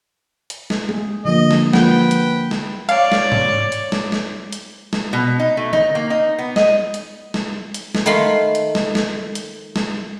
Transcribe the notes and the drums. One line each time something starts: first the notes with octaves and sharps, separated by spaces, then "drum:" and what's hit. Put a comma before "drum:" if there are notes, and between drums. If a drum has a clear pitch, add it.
drum: hi-hat
drum: snare
G#4, drum: tom G#3
D3 F3 A#3 D#5
drum: snare
F3 A#3 B4 F#5 G5, drum: snare
drum: hi-hat
drum: snare
C#5 D5 F5, drum: hi-hat
drum: snare
drum: tom G#2
drum: hi-hat
drum: snare
drum: snare
drum: hi-hat
drum: snare
B2
D#4
A3
D#4, drum: tom D3
A#3
D#4
B3
D#5, drum: snare
drum: hi-hat
drum: snare
drum: hi-hat
drum: snare
D#3 A3 F5 B5 C6
drum: hi-hat
drum: snare
drum: snare
drum: hi-hat
drum: snare